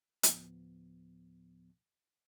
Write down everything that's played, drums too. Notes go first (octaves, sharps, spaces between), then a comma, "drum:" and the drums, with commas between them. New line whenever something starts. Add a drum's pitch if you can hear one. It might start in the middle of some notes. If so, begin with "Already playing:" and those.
D2 A2 F3 B3, drum: hi-hat